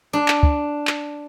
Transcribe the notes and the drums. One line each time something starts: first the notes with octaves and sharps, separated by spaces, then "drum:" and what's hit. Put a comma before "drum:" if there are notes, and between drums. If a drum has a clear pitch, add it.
D4
drum: clap
drum: kick
drum: clap